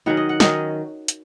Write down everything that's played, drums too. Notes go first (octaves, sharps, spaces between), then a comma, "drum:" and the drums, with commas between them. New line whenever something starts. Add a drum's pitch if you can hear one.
D#3 F#3 C#4 F#5
D#5
F#5
D#3 F#3 C#4 D#5, drum: snare
drum: hi-hat